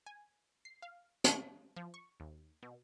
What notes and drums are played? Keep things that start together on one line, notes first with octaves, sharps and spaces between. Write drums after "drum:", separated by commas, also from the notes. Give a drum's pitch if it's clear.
G#5
C7
F5
C#4, drum: hi-hat
F3
C#6
D#2
B2